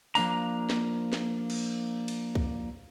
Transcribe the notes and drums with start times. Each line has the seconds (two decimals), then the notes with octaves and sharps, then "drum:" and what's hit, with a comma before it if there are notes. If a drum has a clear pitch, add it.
0.15 F3 A#3 D4 A#5, drum: open hi-hat
0.70 drum: snare
1.13 drum: snare
1.50 drum: cymbal
2.08 drum: cymbal
2.35 drum: kick C2